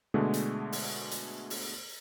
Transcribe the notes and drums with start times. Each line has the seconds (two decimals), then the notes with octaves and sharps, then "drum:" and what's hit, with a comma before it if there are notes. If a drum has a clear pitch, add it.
0.14 B2 D3 G#3 A3
0.34 drum: hi-hat
0.72 drum: open hi-hat
1.11 drum: hi-hat
1.50 drum: open hi-hat